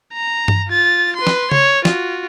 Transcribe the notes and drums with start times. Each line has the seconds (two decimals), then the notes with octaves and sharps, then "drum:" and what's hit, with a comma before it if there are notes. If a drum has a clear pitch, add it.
0.14 A#5
0.48 drum: tom G2
0.68 F4 A6
1.16 B4 C6
1.27 drum: snare
1.52 C#5, drum: tom C#3
1.85 F4 F#4, drum: snare